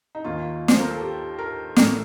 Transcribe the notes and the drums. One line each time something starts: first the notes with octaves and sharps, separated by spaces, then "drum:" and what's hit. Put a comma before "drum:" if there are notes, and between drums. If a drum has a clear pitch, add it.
D#4
D#2 D#3 A#3 F4
C5, drum: snare
A#4
A4
G4
A#4
A1 A2 A3 A#4, drum: snare